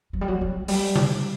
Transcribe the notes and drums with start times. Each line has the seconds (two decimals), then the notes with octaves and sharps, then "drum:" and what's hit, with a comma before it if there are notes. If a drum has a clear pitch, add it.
0.13 F#3
0.21 G3
0.28 F#3
0.41 F#3
0.68 G3, drum: open hi-hat
0.96 drum: tom C3